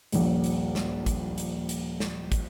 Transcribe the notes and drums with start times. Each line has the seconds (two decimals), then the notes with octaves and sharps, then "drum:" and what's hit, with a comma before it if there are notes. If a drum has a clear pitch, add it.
0.12 D#1 A#1, drum: hi-hat
0.44 drum: hi-hat
0.75 drum: snare
1.06 drum: kick, hi-hat
1.38 drum: hi-hat
1.69 drum: hi-hat
2.00 drum: snare
2.32 drum: kick, hi-hat